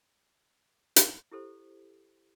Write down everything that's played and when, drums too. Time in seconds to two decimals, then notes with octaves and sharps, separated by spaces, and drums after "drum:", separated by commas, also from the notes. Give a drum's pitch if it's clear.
0.96 drum: hi-hat
1.32 E4 G4 A4 C5